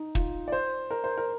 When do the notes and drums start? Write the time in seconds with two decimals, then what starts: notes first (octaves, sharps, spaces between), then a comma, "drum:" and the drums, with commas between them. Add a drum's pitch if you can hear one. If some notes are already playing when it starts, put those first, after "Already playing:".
Already playing: D#4
0.15 F4, drum: kick
0.48 D5
0.52 C5
0.90 A#4
1.04 C5
1.18 A#4